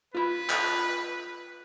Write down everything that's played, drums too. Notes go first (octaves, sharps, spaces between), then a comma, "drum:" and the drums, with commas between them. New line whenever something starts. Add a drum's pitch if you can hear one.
F4 B4 B5
drum: clap